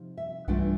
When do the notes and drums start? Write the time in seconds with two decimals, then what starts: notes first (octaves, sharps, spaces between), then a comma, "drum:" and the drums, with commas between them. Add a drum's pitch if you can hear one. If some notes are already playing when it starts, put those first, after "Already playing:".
Already playing: C3 F3 D#4
0.17 E5
0.48 G2 E3 A3 D4 F4 F#5, drum: kick B1